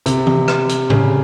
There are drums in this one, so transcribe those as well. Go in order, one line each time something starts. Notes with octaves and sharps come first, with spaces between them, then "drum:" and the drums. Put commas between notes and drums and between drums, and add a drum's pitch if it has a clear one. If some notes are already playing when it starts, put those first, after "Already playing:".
C3, drum: hi-hat
drum: tom E3
drum: rim click
drum: hi-hat
C#3, drum: tom